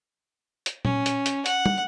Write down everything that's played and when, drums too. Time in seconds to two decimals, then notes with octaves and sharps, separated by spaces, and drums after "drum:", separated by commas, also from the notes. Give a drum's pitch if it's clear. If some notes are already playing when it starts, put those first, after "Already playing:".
0.66 drum: hi-hat
0.85 C#4, drum: tom A#2
1.06 drum: hi-hat
1.26 drum: hi-hat
1.46 F#5, drum: hi-hat
1.66 drum: tom